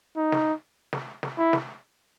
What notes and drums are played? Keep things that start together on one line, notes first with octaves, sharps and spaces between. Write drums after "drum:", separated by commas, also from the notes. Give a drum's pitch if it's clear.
D#4
drum: snare
drum: snare
drum: snare
E4
drum: snare